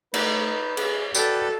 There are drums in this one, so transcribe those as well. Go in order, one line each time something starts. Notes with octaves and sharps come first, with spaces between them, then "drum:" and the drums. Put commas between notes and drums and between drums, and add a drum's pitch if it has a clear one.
A3 D#4 B4, drum: cymbal
G#4, drum: cymbal
F#4 A4 B4 D5 G5, drum: tambourine